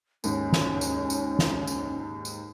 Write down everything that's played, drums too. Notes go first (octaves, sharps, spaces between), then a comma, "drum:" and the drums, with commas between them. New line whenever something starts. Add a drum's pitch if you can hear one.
D#2 G#2 C#4, drum: tambourine
drum: snare
drum: tambourine
drum: tambourine
drum: snare
drum: tambourine
drum: tambourine